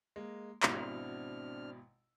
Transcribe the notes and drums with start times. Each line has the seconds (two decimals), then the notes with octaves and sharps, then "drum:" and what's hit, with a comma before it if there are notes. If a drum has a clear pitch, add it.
0.16 G#3 A#3
0.63 G#1 B2 C4 D4 E4 F6, drum: clap